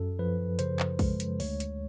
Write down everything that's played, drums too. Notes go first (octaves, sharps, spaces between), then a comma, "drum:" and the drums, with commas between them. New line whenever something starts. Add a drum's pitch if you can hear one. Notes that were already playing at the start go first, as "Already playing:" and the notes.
Already playing: F#2 A4
F3 B4
C#3 C5, drum: hi-hat
drum: clap
G#3, drum: kick, open hi-hat
drum: hi-hat
D2 C#5, drum: open hi-hat
drum: hi-hat